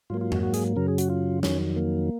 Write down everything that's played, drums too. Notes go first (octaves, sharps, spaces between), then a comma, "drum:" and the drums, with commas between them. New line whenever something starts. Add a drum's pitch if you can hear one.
G#2 F#3 A#3 F4
F4
F#4, drum: tom F2
F#4
G#4, drum: hi-hat
F#2 C#3 F#3 A#4
G#4
F#4, drum: hi-hat
F4
F2 D#3 F#3 C#4, drum: snare
A#3